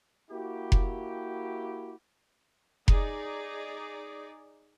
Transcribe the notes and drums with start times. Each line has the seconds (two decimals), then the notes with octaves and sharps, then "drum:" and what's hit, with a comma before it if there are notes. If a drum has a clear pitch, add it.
0.31 A#3 E4 F#4 G4
0.72 drum: kick F1
2.88 D#4 G#4 D5, drum: kick F1